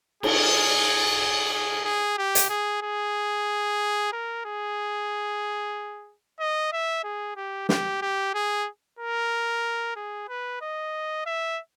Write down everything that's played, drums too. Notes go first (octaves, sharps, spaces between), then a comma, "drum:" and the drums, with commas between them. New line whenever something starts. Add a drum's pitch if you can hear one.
G#4, drum: cymbal
G#4
G#4
G4
drum: hi-hat
G#4
G#4
A#4
G#4
D#5
E5
G#4
G4
G4, drum: snare
G4
G#4
A#4
G#4
B4
D#5
E5